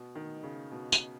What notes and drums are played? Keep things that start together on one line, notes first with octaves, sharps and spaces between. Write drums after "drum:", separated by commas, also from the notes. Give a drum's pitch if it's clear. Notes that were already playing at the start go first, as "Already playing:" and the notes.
Already playing: B2
D#3
C#3
B2
drum: tambourine